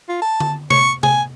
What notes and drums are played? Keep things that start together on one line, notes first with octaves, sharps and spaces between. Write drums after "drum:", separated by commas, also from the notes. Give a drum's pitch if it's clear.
F4
A5
drum: tom D3
C#6, drum: tom C3
G#5, drum: tom C3